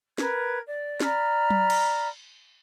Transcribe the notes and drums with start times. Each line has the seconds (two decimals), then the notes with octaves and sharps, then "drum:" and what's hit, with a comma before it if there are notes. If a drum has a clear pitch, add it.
0.18 A#4 B4 G#6, drum: snare
0.67 D5
1.00 D5 A#5 B5 F6, drum: snare
1.50 drum: tom F#3
1.70 drum: cymbal